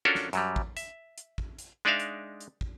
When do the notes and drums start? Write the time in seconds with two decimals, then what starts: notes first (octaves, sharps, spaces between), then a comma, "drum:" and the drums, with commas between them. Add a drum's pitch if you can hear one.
0.05 C#4 D4 F4 F#4 A4 A#4
0.15 drum: snare
0.33 F#2 F#3 G3, drum: hi-hat
0.56 drum: kick
0.77 E5, drum: hi-hat
1.18 drum: hi-hat
1.38 drum: kick
1.59 drum: hi-hat
1.85 G#3 D4 D#4 D5 E5 F5
2.00 drum: hi-hat
2.40 drum: hi-hat
2.61 drum: kick